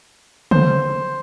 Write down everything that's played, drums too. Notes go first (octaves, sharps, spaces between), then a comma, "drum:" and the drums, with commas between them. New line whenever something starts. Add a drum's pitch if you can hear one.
C5, drum: tom C#3